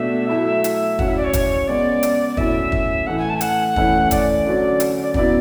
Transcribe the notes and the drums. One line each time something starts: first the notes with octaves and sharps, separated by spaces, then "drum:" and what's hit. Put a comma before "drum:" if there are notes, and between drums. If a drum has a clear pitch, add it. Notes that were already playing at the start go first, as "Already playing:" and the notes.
Already playing: B2 A3 D4 E5
F#3 A3 E4 E5
drum: hi-hat
F#3 C#4 E4 F#5, drum: kick
E5
D5
C#5
drum: kick, hi-hat
C#3 G#3 B3 D5
drum: hi-hat
D5
A2 F#3 C#4 E4 E5, drum: kick
drum: kick
A2 E3 A3 E4 F#5
G#5
A5
G#5
F#5, drum: hi-hat
E3 A3 C#4 E4, drum: kick
D5, drum: kick, hi-hat
D3 F#3 C#4
drum: hi-hat
D5
C#3 F#3 B3 E4 D5, drum: kick